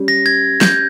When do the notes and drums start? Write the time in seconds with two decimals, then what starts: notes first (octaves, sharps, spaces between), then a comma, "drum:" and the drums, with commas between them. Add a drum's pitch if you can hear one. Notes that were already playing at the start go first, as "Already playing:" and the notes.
Already playing: G3 C#4
0.08 A#6
0.26 G#6
0.61 G6, drum: snare